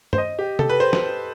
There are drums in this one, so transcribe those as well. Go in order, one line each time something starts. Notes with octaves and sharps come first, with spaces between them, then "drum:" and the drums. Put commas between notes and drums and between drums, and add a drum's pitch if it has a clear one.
C5, drum: tom
D#5
G4
A4, drum: tom C3
B4
C5
drum: snare